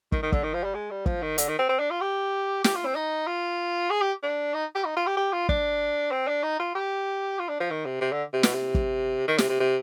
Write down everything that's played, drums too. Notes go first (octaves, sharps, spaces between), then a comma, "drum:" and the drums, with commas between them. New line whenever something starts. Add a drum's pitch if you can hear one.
D#3, drum: kick
D#3
D3, drum: kick
D#3
F3
G3
G#3
G3
F3, drum: kick
D#3
D3, drum: hi-hat
D#3
C4
C4
D4
F4
G4
G4, drum: snare
F4
C4
D#4
F4
G#4
G4
D4
D#4
G4
D#4
F4
G4
G4
F4
D4, drum: kick
C4
D4
D#4
F4
G4
F4
D4
F3
D#3
C3
C3
D3
C3
B2, drum: snare
C3
drum: kick
D#3
C3, drum: snare
C3
C3